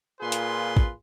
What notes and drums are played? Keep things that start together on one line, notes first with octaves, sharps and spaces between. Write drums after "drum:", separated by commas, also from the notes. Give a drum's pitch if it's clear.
A#2 F4 G#4 B4 C6
drum: hi-hat
drum: kick